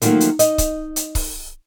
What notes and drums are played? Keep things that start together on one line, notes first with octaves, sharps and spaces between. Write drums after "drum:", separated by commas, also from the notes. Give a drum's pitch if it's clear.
D3 D#3 F3 F#3 A3 A#3, drum: hi-hat
drum: hi-hat
D#4 D#5, drum: hi-hat
drum: kick C#1, hi-hat
drum: hi-hat
drum: kick C#1, open hi-hat